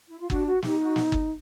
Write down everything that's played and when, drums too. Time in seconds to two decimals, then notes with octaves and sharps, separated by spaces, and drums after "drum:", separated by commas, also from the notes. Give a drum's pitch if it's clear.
0.09 E4
0.20 F4
0.30 D4 F#4, drum: kick
0.47 F#4
0.62 D#4 G4, drum: snare
0.79 F#4
0.96 drum: snare
1.12 drum: kick